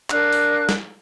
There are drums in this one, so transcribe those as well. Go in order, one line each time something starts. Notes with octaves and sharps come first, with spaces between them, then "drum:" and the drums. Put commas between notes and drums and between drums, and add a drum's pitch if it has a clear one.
D4 A#4 F5 F#6, drum: clap
drum: open hi-hat
drum: snare